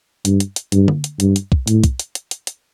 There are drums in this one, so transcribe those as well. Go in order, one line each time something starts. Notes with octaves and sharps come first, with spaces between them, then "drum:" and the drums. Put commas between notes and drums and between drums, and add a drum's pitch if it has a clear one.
G2, drum: hi-hat
drum: hi-hat
drum: hi-hat
G2, drum: hi-hat
drum: tom D3
drum: hi-hat
G2, drum: hi-hat
drum: hi-hat
drum: kick
A2, drum: hi-hat
drum: kick, hi-hat
drum: hi-hat
drum: hi-hat
drum: hi-hat
drum: hi-hat